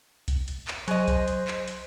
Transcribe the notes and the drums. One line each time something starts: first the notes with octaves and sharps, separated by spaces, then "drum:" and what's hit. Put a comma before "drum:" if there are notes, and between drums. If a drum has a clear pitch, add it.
drum: kick B1, hi-hat
drum: hi-hat
drum: clap
F#3 G#4 C5 D#5, drum: hi-hat
drum: kick B1, hi-hat
drum: hi-hat
drum: clap
drum: hi-hat